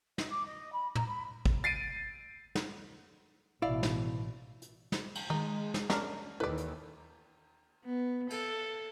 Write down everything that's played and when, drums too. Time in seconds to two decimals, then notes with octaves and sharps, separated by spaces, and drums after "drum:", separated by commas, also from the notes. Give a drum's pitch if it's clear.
0.18 D#5, drum: snare
0.30 D6
0.46 D#5
0.73 B5
0.95 A#5, drum: tom
1.08 B5
1.46 drum: kick
1.64 A6 C7 D7 D#7
2.55 drum: snare
3.62 A1 B2 E4 D5 F5
3.83 drum: snare
4.62 drum: hi-hat
4.92 drum: snare
5.15 drum: cymbal
5.30 D#3 G#3 D#4
5.74 drum: snare
5.90 C#4 D4 A#4, drum: snare
6.40 D#2 D#3 E3 E4 A4 B4 D5
6.58 drum: hi-hat
7.85 B3
8.30 A4, drum: cymbal